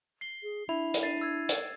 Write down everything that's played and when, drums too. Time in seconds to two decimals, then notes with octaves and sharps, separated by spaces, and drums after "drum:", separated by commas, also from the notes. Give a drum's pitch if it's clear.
0.21 C7 G7
0.43 G#4
0.69 D4 E4 F7
0.94 drum: hi-hat
1.03 D4 A6 C7 D#7
1.21 E6 G#6
1.49 drum: hi-hat